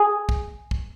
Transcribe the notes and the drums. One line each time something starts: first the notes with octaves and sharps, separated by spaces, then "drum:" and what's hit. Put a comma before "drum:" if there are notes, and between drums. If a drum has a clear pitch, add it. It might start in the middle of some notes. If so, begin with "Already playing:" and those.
Already playing: G#4
drum: kick
drum: kick